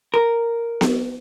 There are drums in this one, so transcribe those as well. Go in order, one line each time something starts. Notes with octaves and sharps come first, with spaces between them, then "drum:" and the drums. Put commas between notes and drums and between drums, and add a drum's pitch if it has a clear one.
A#4
drum: snare B3